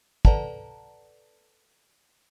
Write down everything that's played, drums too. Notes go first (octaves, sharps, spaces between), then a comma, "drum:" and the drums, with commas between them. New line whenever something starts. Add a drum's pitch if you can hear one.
A4 B4 D5 F#5 A5 A#5, drum: kick